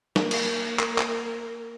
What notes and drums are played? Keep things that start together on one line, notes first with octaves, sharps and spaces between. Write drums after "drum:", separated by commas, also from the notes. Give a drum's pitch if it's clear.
A#3 A#4, drum: snare
drum: cymbal
drum: clap
drum: clap